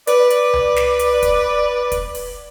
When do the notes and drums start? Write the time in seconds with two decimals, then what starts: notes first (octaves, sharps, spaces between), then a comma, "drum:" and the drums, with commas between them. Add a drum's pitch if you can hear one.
0.07 B4 D5, drum: hi-hat
0.30 drum: hi-hat
0.53 drum: tom C2
0.76 drum: snare
0.99 drum: hi-hat
1.23 drum: kick, hi-hat
1.92 drum: kick, hi-hat
2.15 drum: open hi-hat